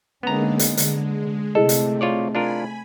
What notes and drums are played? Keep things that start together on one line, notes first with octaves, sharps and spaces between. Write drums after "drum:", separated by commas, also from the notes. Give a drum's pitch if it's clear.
D3 G#3 A#3 B3 C#4 D#4 A#5
drum: hi-hat
D3 G#3, drum: hi-hat
C3 A3 C4 E4 G#4 A4 D#5
drum: hi-hat
F4 C#5 D5
D4 F4 A#4 G#5 B5